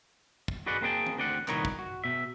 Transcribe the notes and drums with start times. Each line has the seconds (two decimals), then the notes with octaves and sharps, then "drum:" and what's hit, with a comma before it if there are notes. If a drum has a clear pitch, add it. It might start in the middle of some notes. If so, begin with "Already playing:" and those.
0.48 drum: kick
0.66 F#4 G#4 B4 D5 D#5 F#5
0.82 A#3 C4 G#4 B4 G5 A5
1.06 drum: tom E3
1.17 D2 C4 D5 F#5
1.48 C2 A#2 D#3 B3 C#5 A#5, drum: clap
1.65 drum: kick
1.79 F#4
2.04 B2 E5